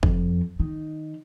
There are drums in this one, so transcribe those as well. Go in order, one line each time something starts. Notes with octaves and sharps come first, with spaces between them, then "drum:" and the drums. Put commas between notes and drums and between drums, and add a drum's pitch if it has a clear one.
F2, drum: kick F#1
D#3